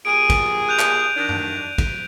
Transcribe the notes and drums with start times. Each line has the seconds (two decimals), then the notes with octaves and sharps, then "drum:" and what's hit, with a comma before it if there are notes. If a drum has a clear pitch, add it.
0.05 A#2 G3 G#4 D7 D#7
0.30 drum: kick, cymbal
0.69 F#6 G6 F7
0.79 drum: clap
1.16 D#3 D4
1.29 drum: tom F#2
1.78 drum: kick, cymbal